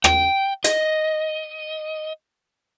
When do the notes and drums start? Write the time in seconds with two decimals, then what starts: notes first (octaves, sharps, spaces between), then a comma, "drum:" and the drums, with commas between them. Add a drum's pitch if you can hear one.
0.04 G5, drum: rim click
0.64 D#5, drum: hi-hat